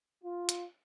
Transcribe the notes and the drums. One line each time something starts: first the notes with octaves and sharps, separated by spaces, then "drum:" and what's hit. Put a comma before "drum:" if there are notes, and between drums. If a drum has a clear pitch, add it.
F4
drum: hi-hat